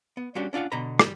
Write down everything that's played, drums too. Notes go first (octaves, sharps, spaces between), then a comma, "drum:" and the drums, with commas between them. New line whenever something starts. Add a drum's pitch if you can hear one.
B3
G3 A#3 C#4 D4 F#4 G4
C#4 D4 F4 F5 F#5
B2 D3 A#5 B5
G3, drum: rim click